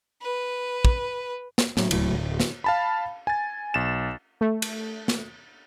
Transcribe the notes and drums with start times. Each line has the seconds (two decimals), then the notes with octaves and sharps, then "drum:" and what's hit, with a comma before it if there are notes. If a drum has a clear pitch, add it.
0.21 B4
0.85 drum: kick
1.58 drum: snare
1.77 A2 F#3, drum: snare
1.91 D1 C#2 A2 F#3, drum: cymbal
2.13 D1
2.40 drum: snare
2.64 F5 A5 B5
3.27 G#5 A6
3.74 B1 A6 E7
4.41 A3
4.62 drum: cymbal
5.08 drum: snare